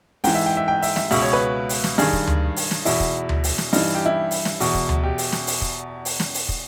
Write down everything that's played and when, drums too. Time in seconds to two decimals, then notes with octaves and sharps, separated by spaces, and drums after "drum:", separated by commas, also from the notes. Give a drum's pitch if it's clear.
0.24 G#2 E3 G5, drum: open hi-hat
0.35 E5
0.46 G5
0.57 E5
0.68 G5
0.82 E5, drum: open hi-hat
0.96 E5, drum: snare
1.11 C#2 B2 E5, drum: open hi-hat
1.22 C#5
1.33 B4
1.69 drum: open hi-hat
1.84 drum: snare
1.98 G2 D#3 G#4, drum: open hi-hat
2.13 drum: kick
2.27 drum: tom D2
2.56 drum: open hi-hat
2.71 drum: snare
2.85 E2 B2 E4, drum: open hi-hat
3.00 drum: kick
3.29 drum: tom D2
3.44 drum: open hi-hat
3.58 drum: snare
3.73 G2 E3 D#4, drum: open hi-hat
3.94 G4
4.06 E4
4.31 drum: open hi-hat
4.45 drum: snare
4.60 E2 B2, drum: open hi-hat
4.74 drum: kick
4.89 drum: tom D2
5.03 G4
5.18 drum: open hi-hat
5.32 drum: snare
5.47 drum: open hi-hat
5.62 drum: kick
6.05 drum: open hi-hat
6.20 drum: snare
6.34 drum: open hi-hat
6.49 drum: kick